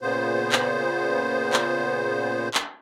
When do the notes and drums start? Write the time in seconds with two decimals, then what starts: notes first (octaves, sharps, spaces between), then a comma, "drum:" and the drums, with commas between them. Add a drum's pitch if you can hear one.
0.02 A#2 C#3 B3 C5
0.52 drum: clap
1.53 drum: clap
2.54 drum: clap